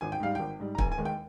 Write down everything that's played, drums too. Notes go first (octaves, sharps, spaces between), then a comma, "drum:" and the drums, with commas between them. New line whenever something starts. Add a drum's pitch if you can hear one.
G#1 G#5
G5
G#2 G3 F5
G#1 G5
G#2 G3
A#5
F1 G#5, drum: kick
G#5
D#2 D#3 G#3
G5